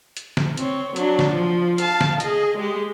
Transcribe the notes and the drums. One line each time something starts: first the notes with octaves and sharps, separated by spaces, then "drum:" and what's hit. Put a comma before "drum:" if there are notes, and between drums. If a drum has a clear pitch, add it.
drum: hi-hat
drum: snare
C4 C#5, drum: hi-hat
F#3 D4, drum: hi-hat
drum: snare
F3
F5 A5, drum: hi-hat
drum: snare
G#4 D#5, drum: hi-hat
G#3 G4